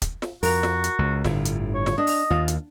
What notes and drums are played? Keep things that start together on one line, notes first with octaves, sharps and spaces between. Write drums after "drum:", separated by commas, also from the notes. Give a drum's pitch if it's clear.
drum: kick, hi-hat
drum: snare
F2 F#4 A#4, drum: open hi-hat
drum: snare
drum: hi-hat
C#2
G1 A2 D3, drum: snare
drum: hi-hat
C#5
drum: snare
D4 D#5
drum: open hi-hat
D#2 F4
drum: hi-hat